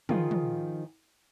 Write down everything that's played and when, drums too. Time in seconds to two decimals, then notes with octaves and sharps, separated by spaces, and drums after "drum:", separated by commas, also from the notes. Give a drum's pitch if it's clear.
0.09 D#3 F3 F4 G#4, drum: tom
0.31 drum: tom